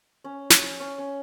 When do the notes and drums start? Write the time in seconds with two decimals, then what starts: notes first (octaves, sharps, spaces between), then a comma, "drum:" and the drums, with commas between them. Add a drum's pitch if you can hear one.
0.24 C#4
0.50 drum: snare
0.80 C#4
0.98 C#4